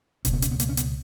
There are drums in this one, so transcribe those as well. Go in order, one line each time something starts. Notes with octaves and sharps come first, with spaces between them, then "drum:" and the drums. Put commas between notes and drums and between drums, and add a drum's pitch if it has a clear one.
C#2 B2 C#4, drum: kick E1, hi-hat
B3
C#4, drum: hi-hat
B3
A#3, drum: hi-hat
C#4
B3, drum: hi-hat